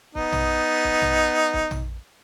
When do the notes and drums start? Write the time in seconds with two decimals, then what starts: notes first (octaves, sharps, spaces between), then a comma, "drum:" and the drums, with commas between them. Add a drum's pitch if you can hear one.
0.15 B3 D#4, drum: kick
0.32 drum: tom A#1
0.84 drum: kick
1.02 drum: tom A#1
1.54 drum: kick
1.71 drum: tom A#1